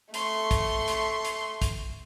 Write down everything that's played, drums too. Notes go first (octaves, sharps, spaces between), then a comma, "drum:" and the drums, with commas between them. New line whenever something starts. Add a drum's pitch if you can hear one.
A3 C6 C#6, drum: hi-hat
drum: kick, hi-hat
drum: hi-hat
drum: hi-hat
drum: kick, hi-hat